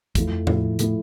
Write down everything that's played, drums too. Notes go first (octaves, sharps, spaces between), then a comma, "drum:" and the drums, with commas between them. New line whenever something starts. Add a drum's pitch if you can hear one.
E2 F3 A3 E4, drum: kick, hi-hat
F2
A2 F3 A3 E4, drum: tom E2
A2 F3 A3 E4, drum: hi-hat